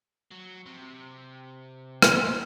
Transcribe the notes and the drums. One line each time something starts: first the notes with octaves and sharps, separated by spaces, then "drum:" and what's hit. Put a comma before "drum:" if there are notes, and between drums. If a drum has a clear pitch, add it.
F#3
C3
F4, drum: rim click